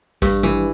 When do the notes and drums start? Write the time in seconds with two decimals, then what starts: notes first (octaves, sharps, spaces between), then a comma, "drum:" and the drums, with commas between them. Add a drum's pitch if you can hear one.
0.22 G2, drum: kick A1, open hi-hat
0.43 E3, drum: tom D#3